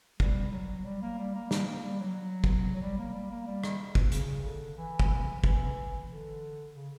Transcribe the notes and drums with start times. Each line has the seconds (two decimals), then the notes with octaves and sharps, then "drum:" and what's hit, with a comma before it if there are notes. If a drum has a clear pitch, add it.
0.20 G3, drum: kick
0.52 F#3
0.85 G3
1.02 A#3
1.18 G3
1.35 A#3
1.51 G3, drum: snare
1.67 A#3
1.83 G3
2.00 F#3
2.44 drum: kick
2.76 F#3
2.82 G3
2.98 A#3
3.14 G3
3.31 A#3
3.47 G3
3.64 drum: rim click
3.95 drum: kick
4.12 C#3, drum: hi-hat
4.45 D3
4.78 E3
4.99 drum: kick
5.44 E3, drum: kick
6.09 D3
6.74 C#3